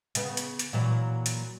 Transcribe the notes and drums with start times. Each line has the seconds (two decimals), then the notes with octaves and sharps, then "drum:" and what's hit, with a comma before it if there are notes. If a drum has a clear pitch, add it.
0.15 C#3 B3, drum: hi-hat
0.37 drum: hi-hat
0.59 drum: hi-hat
0.73 A#2 E3 F#3
1.26 drum: hi-hat